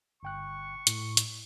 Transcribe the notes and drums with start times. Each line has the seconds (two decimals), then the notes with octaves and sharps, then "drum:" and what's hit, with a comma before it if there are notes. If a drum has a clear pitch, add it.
0.23 G1 G5 C#6 F#6
0.87 A2, drum: hi-hat
1.17 drum: hi-hat